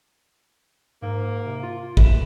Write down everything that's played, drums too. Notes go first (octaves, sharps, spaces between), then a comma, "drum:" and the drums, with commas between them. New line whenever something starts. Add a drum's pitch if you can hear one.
G#2 A#3
C3
F4
F#2 B4 E7, drum: kick A1